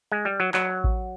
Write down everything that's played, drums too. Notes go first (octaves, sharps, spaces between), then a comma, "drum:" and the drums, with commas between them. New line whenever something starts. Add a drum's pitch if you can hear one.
G#3
G3
F#3
F#3, drum: clap
drum: kick A1